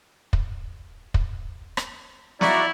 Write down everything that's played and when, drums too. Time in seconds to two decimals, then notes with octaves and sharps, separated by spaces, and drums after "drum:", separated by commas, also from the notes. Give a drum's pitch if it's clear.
0.33 drum: kick
1.14 drum: kick
1.77 drum: rim click
2.41 C#3 D#4 E4 F#4 D5 E5 A#5, drum: snare